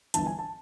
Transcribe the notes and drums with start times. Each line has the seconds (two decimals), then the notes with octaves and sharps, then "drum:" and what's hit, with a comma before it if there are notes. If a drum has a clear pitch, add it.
0.14 G1 G2 E3 A5, drum: hi-hat
0.26 G#5
0.39 A5